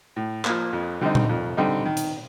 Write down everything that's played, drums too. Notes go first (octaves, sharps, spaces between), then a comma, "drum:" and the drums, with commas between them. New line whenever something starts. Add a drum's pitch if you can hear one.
A2
F3 A#3, drum: clap
F2
D3 G3 C4 D#4
drum: tom A#2
F2
D3 G3 C4 D#4
D#3
drum: hi-hat